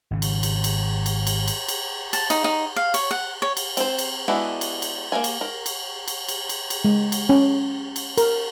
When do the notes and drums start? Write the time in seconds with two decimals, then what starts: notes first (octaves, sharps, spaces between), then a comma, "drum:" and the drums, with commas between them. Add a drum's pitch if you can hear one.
0.11 G#1 C#3
0.22 drum: cymbal
0.43 drum: cymbal
0.64 drum: cymbal
1.06 drum: cymbal
1.27 drum: cymbal
1.48 drum: cymbal
1.68 drum: cymbal
2.13 A5, drum: cymbal
2.30 D#4, drum: cymbal
2.44 D#4
2.76 F5
2.94 C#5, drum: cymbal
3.11 F#5
3.42 C#5
3.57 drum: cymbal
3.77 C4 C5, drum: cymbal
3.98 drum: cymbal
4.28 G#3 B3 D4 E4 F#4
4.61 drum: cymbal
4.82 drum: cymbal
5.12 A#3 E4 A#4 G#5
5.24 drum: cymbal
5.41 A#4
5.66 drum: cymbal
6.08 drum: cymbal
6.28 drum: cymbal
6.49 drum: cymbal
6.70 drum: cymbal
6.85 G#3
7.12 drum: cymbal
7.29 C#4
7.96 drum: cymbal
8.18 A#4, drum: cymbal